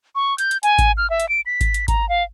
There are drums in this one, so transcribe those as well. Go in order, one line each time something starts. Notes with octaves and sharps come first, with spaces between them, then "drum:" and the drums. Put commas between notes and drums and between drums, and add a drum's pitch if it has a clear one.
C#6
G6, drum: hi-hat
drum: hi-hat
G#5, drum: hi-hat
drum: kick G#1, hi-hat
F6
E5
drum: hi-hat
D7
B6
drum: kick G#1, hi-hat
drum: hi-hat
A#5, drum: kick G#1, hi-hat
F5